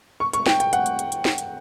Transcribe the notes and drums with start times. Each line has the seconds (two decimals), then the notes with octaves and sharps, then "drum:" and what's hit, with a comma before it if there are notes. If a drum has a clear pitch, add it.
0.20 C#6
0.33 C#6, drum: hi-hat
0.46 G5, drum: snare
0.60 G5, drum: hi-hat
0.73 F#5, drum: hi-hat
0.86 drum: hi-hat
0.99 drum: hi-hat
1.12 drum: hi-hat
1.25 drum: snare
1.38 drum: hi-hat